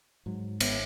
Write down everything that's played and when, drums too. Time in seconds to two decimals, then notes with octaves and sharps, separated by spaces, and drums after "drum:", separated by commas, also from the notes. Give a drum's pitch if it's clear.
0.26 G#2 F#3
0.60 G#1 B3, drum: cymbal